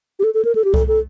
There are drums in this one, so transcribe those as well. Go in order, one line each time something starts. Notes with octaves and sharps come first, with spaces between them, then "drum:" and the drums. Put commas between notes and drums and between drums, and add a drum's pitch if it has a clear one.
G4
A4
A4
A#4
A4
G4
A4, drum: kick C2
A4